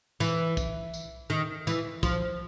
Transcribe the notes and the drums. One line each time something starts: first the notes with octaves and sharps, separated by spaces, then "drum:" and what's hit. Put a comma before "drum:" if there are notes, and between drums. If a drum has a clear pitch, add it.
E3, drum: tambourine
drum: kick, tambourine
drum: tambourine
D#3
E3, drum: tambourine
F3, drum: kick, tambourine